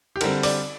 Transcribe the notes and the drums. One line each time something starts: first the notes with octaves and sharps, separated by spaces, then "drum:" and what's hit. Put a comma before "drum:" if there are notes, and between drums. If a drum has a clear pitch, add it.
G4
D3 G3 C4 A#4, drum: cymbal
D5, drum: open hi-hat